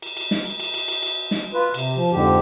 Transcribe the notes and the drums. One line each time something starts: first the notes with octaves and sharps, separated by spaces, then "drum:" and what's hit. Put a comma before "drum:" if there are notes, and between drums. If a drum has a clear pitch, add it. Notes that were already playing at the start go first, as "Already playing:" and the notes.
drum: cymbal
drum: cymbal
drum: snare
drum: cymbal
drum: cymbal
drum: cymbal
drum: cymbal
drum: cymbal
drum: snare
F4 B4
C3, drum: cymbal
F3
F2 G#2 D3 G4